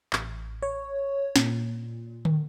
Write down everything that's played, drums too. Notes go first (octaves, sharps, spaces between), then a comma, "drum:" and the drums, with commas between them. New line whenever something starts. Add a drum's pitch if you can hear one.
A1, drum: clap
C#5
A#2, drum: snare
drum: tom D3